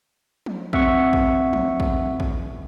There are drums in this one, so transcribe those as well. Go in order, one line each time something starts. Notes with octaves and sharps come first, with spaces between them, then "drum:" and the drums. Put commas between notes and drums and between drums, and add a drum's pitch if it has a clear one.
drum: tom F3
C4 E5 F#5 C#6, drum: kick
drum: kick
drum: tom F3
drum: kick
drum: kick